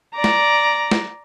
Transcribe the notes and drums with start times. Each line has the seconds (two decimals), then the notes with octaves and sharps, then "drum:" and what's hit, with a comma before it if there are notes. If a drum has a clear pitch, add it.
0.15 D5 A#5
0.24 drum: snare
0.91 drum: snare